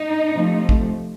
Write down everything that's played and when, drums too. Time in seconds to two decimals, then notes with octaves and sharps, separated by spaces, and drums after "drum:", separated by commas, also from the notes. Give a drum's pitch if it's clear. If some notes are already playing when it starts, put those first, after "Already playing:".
Already playing: D#4
0.34 C3 F3 A3
0.69 drum: kick